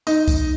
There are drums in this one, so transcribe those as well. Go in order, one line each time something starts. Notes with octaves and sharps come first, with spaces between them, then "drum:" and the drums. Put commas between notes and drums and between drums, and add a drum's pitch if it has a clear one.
D#4, drum: tambourine
drum: kick C2, tambourine